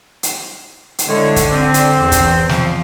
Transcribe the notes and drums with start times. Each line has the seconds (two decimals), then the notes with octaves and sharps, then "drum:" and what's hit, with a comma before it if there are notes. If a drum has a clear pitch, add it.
0.23 drum: hi-hat
0.98 drum: hi-hat
1.08 A2 D3 G#3 C#5
1.36 drum: kick, hi-hat
1.51 C4
1.74 drum: hi-hat
1.99 E2
2.12 drum: kick, hi-hat
2.49 F3, drum: snare